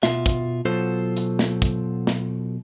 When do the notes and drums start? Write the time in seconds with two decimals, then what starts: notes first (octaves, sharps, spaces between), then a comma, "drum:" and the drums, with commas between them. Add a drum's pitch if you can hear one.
0.03 B2 F4 E5, drum: snare
0.26 drum: kick, hi-hat
0.65 B2 F#3 F4 A4 C5
1.17 drum: hi-hat
1.39 drum: snare
1.62 drum: kick, hi-hat
2.07 drum: snare